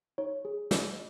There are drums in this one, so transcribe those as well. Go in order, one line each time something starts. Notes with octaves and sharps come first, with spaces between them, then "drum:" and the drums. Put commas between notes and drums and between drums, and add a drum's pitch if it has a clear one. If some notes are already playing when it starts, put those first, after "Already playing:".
D#4 C#5
G#4
D#4 D#5, drum: snare